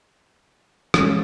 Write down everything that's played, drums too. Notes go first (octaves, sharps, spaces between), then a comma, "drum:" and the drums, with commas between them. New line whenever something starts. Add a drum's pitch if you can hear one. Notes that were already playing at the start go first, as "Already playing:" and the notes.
G#3 C#4 A6, drum: rim click